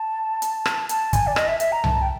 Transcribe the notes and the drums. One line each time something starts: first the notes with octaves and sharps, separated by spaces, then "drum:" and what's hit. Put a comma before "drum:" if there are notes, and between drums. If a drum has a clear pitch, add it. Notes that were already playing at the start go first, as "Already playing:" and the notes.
Already playing: A5
drum: hi-hat
drum: rim click
A5, drum: hi-hat
G#5, drum: kick, hi-hat
D5
D#5, drum: rim click
E5
E5, drum: hi-hat
A#5
A5, drum: tom C2
G5